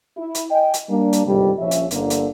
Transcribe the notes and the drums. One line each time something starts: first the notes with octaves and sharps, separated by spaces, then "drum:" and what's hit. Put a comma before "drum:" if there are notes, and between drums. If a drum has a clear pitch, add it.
E4
drum: hi-hat
D#5 G5 G#5
drum: hi-hat
G3 A#3 D4
drum: hi-hat
G1 G#2 C3 D#3 G3
A#1 F3 C#4 E5
drum: hi-hat
G1 D3 A#3, drum: hi-hat
drum: hi-hat